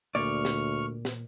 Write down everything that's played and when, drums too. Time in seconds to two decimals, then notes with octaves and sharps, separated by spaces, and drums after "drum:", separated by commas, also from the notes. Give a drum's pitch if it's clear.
0.15 D2 A#2 D5 C#6 F6
0.45 drum: snare
1.05 drum: snare